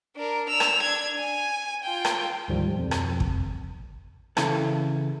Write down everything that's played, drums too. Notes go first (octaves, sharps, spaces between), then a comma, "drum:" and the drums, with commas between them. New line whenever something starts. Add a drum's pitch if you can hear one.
D4 A#4
E6 F7
drum: rim click
D4 G#6
G#5
F4 G5
drum: rim click
D2 G#2 D#3 F3 G3
F2 B2
drum: rim click
drum: kick
C#3 E3 E4 A4, drum: rim click